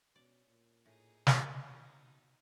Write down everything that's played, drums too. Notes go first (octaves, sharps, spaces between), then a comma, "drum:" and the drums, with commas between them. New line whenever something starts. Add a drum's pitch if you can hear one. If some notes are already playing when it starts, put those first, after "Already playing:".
B2 C#4 D5
A#2
A2 D#4 G#4
drum: snare
B2 D#4